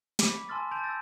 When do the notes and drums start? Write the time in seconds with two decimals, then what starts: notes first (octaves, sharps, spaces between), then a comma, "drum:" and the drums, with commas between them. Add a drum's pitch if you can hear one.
0.19 B5 C#6 D6 B6, drum: snare
0.49 G#5 A5 C6 E6 F6 A6
0.71 A5 C6 G6 A6 D7 F7
0.83 E6 G6 A6 A#6